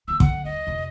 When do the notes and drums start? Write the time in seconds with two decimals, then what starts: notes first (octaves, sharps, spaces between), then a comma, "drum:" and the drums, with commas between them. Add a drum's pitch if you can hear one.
0.08 E3 A#3 E6
0.20 D3 F#5, drum: kick
0.45 D#2 G3 D#5
0.67 F2 C3